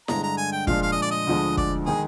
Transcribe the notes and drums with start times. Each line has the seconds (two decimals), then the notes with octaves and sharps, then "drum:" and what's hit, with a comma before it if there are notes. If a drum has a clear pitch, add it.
0.08 G2 D3 G#3 D4 A#5, drum: snare E4
0.23 A#5
0.37 G#5
0.52 G5
0.67 A#2 F3 G#3 D4 F4 F5, drum: kick
0.83 F5
0.92 D#5
1.02 D5
1.11 D#5
1.27 D2 D3 F3 G#3
1.57 D5, drum: kick
1.86 D#3 G#3 D#4 G#4